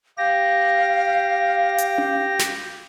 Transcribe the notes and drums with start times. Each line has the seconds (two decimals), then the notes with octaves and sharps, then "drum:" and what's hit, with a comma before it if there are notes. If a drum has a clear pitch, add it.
0.17 G4 F5 A#6
1.78 drum: hi-hat
1.98 drum: tom C#4
2.39 drum: snare